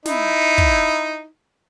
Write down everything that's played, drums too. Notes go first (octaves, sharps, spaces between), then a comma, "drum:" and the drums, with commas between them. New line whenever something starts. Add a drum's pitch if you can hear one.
D#4 E4, drum: snare
drum: kick